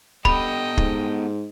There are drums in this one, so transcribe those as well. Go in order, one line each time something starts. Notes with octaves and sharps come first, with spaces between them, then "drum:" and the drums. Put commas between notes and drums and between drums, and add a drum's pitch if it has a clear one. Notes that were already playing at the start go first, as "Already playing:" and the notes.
B3 G4 A4 D#5 G5 B5, drum: kick
G#2, drum: kick